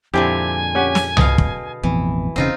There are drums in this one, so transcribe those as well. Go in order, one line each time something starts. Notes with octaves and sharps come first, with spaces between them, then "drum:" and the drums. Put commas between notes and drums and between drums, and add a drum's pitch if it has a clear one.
F2 A#2 D3 G#3 C4 E4 G4 G#5
C#4 G4 F#5
drum: snare
B2 F5 D#6, drum: tom C2
drum: kick
A1 F2 B2 E3
E1 C#3 C4 D#4 F4